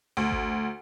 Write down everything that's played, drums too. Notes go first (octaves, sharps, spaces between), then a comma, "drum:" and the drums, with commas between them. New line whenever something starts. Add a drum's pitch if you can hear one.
D2
drum: kick G#1